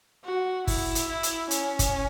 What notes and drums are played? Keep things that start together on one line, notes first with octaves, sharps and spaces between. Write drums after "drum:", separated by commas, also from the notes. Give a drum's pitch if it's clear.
F#4
E4, drum: kick G1, open hi-hat
drum: hi-hat
E4
drum: hi-hat
C#4, drum: hi-hat
drum: kick G1, hi-hat